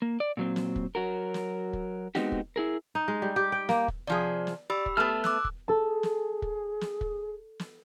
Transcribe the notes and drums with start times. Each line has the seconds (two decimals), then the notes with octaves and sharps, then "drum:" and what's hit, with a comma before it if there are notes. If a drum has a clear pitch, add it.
0.02 A#3
0.20 D5
0.37 A#2 F#3 C4
0.56 drum: snare
0.76 drum: kick
0.95 F#3 F#4 A#4
1.34 drum: snare
1.73 drum: kick
2.15 G#3 B3 C4 D#4 F#4 G4, drum: snare
2.32 drum: kick
2.56 E4 G#4 A#4
2.95 D#4
3.08 G#3
3.22 G3
3.36 G4
3.52 G5
3.69 A#3, drum: snare
3.88 drum: kick
4.07 C3 F3 G#4 D5
4.47 drum: snare
4.70 G4 D5 B5 E6
4.86 drum: kick
4.97 A3 B3 A4 A5 F6
5.24 D6 E6 F#6, drum: snare
5.45 drum: kick
5.68 G#4 A4 A5
6.03 drum: snare
6.42 drum: kick
6.81 drum: snare
7.01 drum: kick
7.59 drum: snare